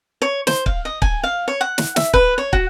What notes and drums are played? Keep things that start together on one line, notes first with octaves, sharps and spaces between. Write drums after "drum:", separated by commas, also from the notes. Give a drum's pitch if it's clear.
C#5
C5, drum: snare
F5, drum: kick
D#5
G#5, drum: kick
F5
C#5
F#5
drum: snare
E5, drum: snare
B4, drum: kick
C#5
F#4, drum: kick